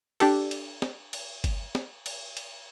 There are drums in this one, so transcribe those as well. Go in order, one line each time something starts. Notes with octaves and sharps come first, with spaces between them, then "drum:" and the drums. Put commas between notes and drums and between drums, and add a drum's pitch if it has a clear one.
D4 G4 A4, drum: cymbal
drum: cymbal
drum: snare
drum: cymbal
drum: kick G1, cymbal
drum: snare
drum: cymbal
drum: cymbal